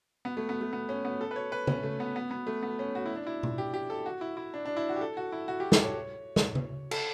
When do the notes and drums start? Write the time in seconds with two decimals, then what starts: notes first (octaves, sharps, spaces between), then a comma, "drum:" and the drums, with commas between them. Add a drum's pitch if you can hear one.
0.25 B3
0.37 A3
0.49 B3
0.61 A3
0.73 B3
0.89 C#4
1.05 B3
1.21 A4
1.31 B4
1.36 C#5
1.52 B4
1.67 C#4, drum: tom C#3
1.83 A3
2.00 B3
2.16 B3
2.31 B3
2.47 A3
2.63 B3
2.79 C#4
2.95 F#4
3.06 E4
3.16 D4
3.27 E4
3.43 drum: tom B2
3.58 G4
3.74 G4
3.90 A4
4.06 F#4
4.21 E4
4.37 E4
4.54 D4
4.66 D4
4.76 E4
4.89 F#4
4.96 G4
5.01 A4
5.17 F#4
5.32 E4
5.48 F#4
5.60 G4
5.72 A4, drum: snare
5.84 C#5
6.36 drum: snare
6.55 drum: tom C#3
6.91 A4, drum: cymbal